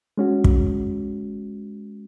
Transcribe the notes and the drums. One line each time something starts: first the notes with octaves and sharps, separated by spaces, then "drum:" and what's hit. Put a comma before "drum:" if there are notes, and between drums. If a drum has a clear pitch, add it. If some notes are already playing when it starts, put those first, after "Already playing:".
G#3 C#4 F#4
drum: kick